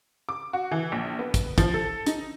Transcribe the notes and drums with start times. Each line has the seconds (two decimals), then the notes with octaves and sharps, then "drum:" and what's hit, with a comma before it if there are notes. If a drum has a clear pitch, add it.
0.29 D6
0.53 F#4
0.71 E3
0.92 A#1
1.19 B3
1.34 drum: kick, hi-hat
1.58 F3, drum: kick, hi-hat
1.74 A4
2.06 D#4, drum: hi-hat